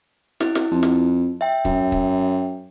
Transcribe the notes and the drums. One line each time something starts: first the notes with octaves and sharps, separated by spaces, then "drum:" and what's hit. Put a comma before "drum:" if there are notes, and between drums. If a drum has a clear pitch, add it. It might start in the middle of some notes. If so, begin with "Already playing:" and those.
E4, drum: snare
drum: snare
F2
drum: snare
E5 G5
F#2, drum: kick
drum: kick